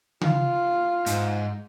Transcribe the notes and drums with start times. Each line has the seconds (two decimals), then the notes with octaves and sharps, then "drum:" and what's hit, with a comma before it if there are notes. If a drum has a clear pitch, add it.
0.21 F4, drum: tom C#3
1.06 G#2, drum: hi-hat